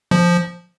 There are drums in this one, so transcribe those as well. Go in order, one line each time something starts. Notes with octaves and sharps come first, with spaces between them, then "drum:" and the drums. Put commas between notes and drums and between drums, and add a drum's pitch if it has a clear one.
F3, drum: tom D3